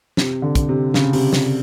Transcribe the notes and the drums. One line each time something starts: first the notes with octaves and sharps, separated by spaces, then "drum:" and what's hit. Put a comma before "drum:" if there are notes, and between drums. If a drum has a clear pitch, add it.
C3, drum: snare
D3
drum: kick, hi-hat
C3
C#3, drum: snare
C3, drum: open hi-hat
drum: snare